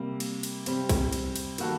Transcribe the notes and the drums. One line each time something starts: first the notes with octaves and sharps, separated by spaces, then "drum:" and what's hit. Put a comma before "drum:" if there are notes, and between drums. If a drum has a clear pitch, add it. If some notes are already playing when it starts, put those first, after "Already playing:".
Already playing: C3 G3 A#3
drum: cymbal
drum: cymbal
C3 G3 C4 G4, drum: cymbal
drum: kick B1, cymbal
drum: cymbal
drum: cymbal
D#3 G3 A#3 F#4 A4, drum: cymbal